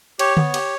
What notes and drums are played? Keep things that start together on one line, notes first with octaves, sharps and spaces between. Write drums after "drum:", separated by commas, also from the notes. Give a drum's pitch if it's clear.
G4 C#5, drum: cymbal
B3, drum: tom D3
G4, drum: cymbal